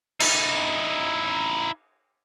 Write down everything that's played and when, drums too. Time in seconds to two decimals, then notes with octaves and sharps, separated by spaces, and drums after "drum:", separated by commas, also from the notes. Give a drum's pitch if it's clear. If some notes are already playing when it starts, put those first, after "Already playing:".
0.20 D#4 E4, drum: cymbal